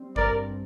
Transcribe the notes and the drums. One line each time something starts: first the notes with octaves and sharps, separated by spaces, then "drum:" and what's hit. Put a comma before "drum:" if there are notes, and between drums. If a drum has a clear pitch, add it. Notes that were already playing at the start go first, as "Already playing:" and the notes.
Already playing: G3 C4
G2 A#4 D5, drum: kick G#1